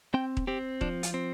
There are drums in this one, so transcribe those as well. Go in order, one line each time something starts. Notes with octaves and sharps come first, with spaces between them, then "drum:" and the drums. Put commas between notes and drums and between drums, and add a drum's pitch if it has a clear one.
C4 G5
drum: kick D#1
C4 G4
F3 D4, drum: kick D#1
F4, drum: hi-hat
C4